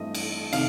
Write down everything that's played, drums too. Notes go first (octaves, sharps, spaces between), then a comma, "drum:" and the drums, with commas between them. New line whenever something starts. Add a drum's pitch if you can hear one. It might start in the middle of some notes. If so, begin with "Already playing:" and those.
Already playing: G2 E3 A3 C4 D#5
drum: cymbal
C3 D#3 F5, drum: cymbal